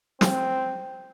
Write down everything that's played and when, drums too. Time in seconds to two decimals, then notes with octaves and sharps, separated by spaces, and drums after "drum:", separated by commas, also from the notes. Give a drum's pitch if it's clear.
0.21 C4, drum: snare